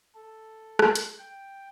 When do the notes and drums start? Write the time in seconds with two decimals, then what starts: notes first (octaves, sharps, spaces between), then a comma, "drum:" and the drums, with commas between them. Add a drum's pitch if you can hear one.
0.15 A4
0.79 drum: rim click
0.95 drum: hi-hat
1.19 G5